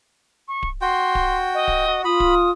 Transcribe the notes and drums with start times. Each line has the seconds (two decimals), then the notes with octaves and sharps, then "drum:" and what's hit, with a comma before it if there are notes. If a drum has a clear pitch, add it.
0.48 C#6
0.63 drum: kick D1
0.81 F#4 G5 C6
1.15 drum: kick D1
1.55 D#5
1.68 drum: kick D1
1.87 F#4
2.04 F4 B5 D#6
2.20 drum: kick D1